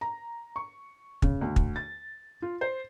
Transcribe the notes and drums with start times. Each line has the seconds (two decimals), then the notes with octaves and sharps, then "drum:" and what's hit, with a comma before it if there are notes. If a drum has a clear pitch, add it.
0.01 A#5
0.56 C#6
1.22 C#3, drum: kick
1.41 D2
1.56 drum: kick
1.76 A6
2.42 F4
2.61 C5